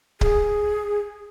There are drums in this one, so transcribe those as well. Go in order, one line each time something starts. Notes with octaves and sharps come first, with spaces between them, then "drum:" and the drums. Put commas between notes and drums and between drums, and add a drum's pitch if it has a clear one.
G#4, drum: kick C#1